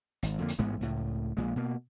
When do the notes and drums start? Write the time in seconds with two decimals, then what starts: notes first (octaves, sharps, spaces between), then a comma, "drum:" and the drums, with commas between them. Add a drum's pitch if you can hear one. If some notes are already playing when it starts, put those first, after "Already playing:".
0.23 G#1, drum: hi-hat
0.39 F2 D3 A#3
0.48 drum: hi-hat
0.59 A1 G#2 G#3 B3
0.81 C#2 A2
1.37 A#1 A#2 G#3
1.56 B2 A#3